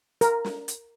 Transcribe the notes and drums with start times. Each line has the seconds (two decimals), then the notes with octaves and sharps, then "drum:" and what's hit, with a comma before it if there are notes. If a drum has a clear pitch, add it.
0.21 A#4, drum: hi-hat
0.45 drum: snare
0.68 drum: hi-hat